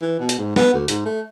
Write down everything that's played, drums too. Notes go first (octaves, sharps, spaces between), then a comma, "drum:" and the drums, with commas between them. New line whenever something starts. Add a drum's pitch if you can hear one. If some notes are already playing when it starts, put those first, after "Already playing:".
E3
B2
drum: hi-hat
G#2
B3, drum: snare
D2
G#2, drum: hi-hat
A3